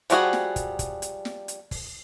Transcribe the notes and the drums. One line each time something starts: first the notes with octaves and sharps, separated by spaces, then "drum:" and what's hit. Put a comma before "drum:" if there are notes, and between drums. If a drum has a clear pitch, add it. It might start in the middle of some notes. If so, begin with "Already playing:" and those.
F3 G3 F#4 G#4, drum: hi-hat
drum: snare
drum: kick, hi-hat
drum: kick, hi-hat
drum: hi-hat
drum: snare
drum: hi-hat
drum: kick, open hi-hat